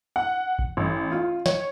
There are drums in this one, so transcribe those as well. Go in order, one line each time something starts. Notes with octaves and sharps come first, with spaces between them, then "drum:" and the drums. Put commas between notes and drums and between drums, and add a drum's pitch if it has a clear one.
F#5
drum: kick A1
A1
F4
C#5, drum: snare